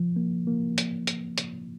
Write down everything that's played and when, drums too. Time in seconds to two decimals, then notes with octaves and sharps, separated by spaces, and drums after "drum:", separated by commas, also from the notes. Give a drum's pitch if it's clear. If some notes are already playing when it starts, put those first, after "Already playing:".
Already playing: F3
0.16 A#3
0.47 A#3
0.78 A#3, drum: hi-hat
1.07 drum: hi-hat
1.38 drum: hi-hat